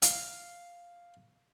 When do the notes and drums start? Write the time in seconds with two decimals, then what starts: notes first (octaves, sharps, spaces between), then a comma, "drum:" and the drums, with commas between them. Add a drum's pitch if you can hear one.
0.02 F5, drum: hi-hat